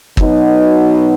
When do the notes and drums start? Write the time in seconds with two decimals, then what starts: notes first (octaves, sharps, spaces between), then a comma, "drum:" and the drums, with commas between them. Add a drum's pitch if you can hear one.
0.17 B2 F#3 B3 D#4, drum: kick